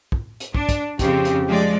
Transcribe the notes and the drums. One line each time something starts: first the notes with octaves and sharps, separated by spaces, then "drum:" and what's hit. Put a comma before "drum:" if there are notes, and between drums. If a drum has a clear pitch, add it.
drum: kick
drum: hi-hat
D4, drum: kick
drum: kick, hi-hat
F2 C#3 C4 G4, drum: kick, hi-hat
drum: hi-hat
F3 G#3 D5